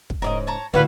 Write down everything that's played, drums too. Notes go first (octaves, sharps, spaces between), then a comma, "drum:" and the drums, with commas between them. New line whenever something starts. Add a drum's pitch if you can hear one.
drum: kick
G#2 C#3 A#4 D5 D#5
C#5 A5 A#5
D2 A#2 G3 E4 F#4 B4 C#5 F5